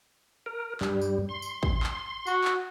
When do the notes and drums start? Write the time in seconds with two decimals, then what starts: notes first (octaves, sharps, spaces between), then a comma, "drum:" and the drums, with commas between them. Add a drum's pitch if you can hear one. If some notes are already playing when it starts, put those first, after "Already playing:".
0.46 A#4
0.81 G2 G3, drum: clap
1.01 drum: tambourine
1.29 C6
1.42 drum: tambourine
1.63 drum: kick
1.83 drum: clap
2.27 F#4, drum: tambourine
2.44 drum: clap